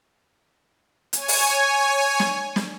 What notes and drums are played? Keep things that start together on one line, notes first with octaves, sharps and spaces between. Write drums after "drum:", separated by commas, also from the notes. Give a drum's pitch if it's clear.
C#5 G#5, drum: hi-hat
drum: open hi-hat
drum: snare
drum: snare